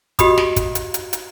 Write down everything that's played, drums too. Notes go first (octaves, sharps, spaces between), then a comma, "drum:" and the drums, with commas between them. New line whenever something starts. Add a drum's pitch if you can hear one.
F#4 G4 D#5 B5 D#6, drum: kick, hi-hat
drum: snare
drum: kick, hi-hat
drum: hi-hat
drum: hi-hat
drum: hi-hat